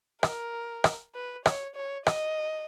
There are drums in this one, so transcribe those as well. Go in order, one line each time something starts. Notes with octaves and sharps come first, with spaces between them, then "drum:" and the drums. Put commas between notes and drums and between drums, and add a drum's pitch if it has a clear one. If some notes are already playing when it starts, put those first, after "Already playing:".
A#4, drum: rim click
drum: rim click
B4
C#5, drum: rim click
C#5
D#5, drum: rim click